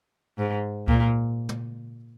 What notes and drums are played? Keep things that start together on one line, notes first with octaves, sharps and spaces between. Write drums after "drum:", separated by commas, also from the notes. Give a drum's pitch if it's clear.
G#2
A#2, drum: kick C#2
drum: tom